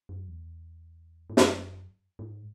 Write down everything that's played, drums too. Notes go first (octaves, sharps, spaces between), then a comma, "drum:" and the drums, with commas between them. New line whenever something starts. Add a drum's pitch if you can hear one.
F#2
E2
G#2
F#2, drum: snare
G#2